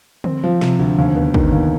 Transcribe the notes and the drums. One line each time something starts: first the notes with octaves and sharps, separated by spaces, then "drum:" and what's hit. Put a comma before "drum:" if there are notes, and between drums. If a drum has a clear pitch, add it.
C4, drum: tom D3
F3
C3, drum: snare
D2
D#2
B3
D#3, drum: kick
D#2